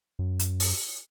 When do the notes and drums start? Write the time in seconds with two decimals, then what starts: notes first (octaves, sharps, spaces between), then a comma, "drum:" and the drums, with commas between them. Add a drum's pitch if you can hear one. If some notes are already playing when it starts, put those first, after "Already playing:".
0.19 F#2
0.39 drum: hi-hat
0.60 drum: open hi-hat